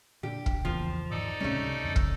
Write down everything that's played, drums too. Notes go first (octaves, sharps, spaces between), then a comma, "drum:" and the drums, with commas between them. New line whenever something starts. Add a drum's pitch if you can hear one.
A#2 D3 G4
drum: kick
E2 C#3 E3 F3 A#3
G#2 D#3 D#4 A4 D5
D1 C#2 C3 G3 A3 C4 C#4
F2 C#3
drum: kick